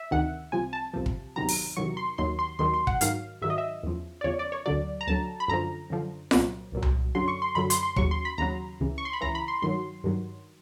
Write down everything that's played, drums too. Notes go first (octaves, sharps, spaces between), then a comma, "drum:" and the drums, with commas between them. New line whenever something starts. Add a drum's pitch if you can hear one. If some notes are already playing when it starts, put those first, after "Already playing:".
Already playing: E5
D2 C3 D#3 F#5
C2 C3 F3 G#5
A5
C2 C3 F3
drum: kick
E2 C3 D#3 F#3 A#5
drum: open hi-hat
E2 C3 D#3 F#3 C#6
C6
D#2 D#3 F#3 C6
C6
D#2 D#3 F#3 C6
C6
F#5, drum: kick
G#2 D#3 F#3 F5, drum: hi-hat
G#2 D#3 F#3 E5
D#5
E5
E2 C#3 F3
D5
E2 C#3 F3 C#5
D5
C#5
D2 D3 F#3 D5
A#5
D2 D3 F#3 A5
B5
F#2 D3 F3 A#5
F#2 D3 F3
C2 A#2 F#3, drum: snare F4
C2 A#2 F#3
drum: tom C2
F#2 D3 F#3 C6
C#6
C6
F#2 D3 F#3 B5
C6, drum: hi-hat
C6
D#2 C#3 F#3 C#6, drum: kick
C6
B5
D#2 C#3 F#3 A#5
C#2 C#3 E3
C#6
C6
B5
C#2 C#3 E3 A#5
B5
C6
G2 D#3 F#3 C6
G2 D#3 F#3